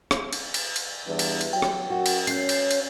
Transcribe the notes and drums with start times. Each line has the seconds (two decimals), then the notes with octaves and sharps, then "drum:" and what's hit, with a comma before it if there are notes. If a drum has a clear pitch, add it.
0.11 drum: rim click
0.33 drum: cymbal
0.54 drum: cymbal
0.76 drum: cymbal
1.06 E2 G2 E3
1.19 drum: cymbal
1.41 drum: cymbal
1.53 F#3 G5
1.62 drum: rim click
1.90 F#2 F#4
2.06 drum: cymbal
2.27 C#4 G6 C7, drum: cymbal
2.49 drum: cymbal
2.71 drum: cymbal